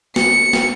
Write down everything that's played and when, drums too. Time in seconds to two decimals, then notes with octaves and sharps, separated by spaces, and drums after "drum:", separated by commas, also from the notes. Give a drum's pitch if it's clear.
0.16 C#7, drum: snare
0.53 drum: snare